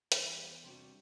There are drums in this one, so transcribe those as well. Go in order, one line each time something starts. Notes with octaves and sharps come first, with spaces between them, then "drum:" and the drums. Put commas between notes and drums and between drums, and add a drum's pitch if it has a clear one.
E3 G3, drum: hi-hat
E2
C3 G3 D4 F#4